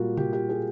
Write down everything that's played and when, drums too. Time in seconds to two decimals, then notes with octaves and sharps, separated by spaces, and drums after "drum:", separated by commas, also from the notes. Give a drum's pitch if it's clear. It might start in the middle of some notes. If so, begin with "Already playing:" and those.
Already playing: A#2 G3 A#3 F4 F#4
0.17 G4, drum: tom C3
0.33 G4
0.49 G#4